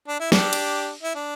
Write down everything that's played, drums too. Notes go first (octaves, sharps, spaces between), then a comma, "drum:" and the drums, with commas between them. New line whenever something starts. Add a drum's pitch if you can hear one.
D4
E4
D4 G4, drum: snare
drum: cymbal
E4
D4